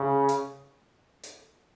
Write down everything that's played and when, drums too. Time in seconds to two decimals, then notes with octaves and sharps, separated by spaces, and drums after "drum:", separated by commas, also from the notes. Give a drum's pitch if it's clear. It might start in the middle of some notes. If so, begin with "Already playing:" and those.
Already playing: C#3
0.29 drum: hi-hat
1.23 drum: hi-hat